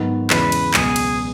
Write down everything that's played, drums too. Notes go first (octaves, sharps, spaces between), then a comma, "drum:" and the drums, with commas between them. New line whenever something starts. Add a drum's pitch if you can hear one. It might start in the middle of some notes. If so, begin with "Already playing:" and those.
Already playing: G#2 D#3 F#3 B3
E2 C#3 E3 G#3 B4, drum: clap
drum: cymbal
C#2 B2 F#3 B3 G#4, drum: clap
drum: cymbal